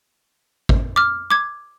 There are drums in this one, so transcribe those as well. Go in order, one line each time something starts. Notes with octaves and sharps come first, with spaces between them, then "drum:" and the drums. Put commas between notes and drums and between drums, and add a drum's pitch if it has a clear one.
drum: kick
D6 F6
D6 G#6